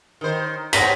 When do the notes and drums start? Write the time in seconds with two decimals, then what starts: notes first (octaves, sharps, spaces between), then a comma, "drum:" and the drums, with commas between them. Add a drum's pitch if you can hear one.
0.21 D#3 C5
0.73 B3 C4 C#5 A#6 B6, drum: open hi-hat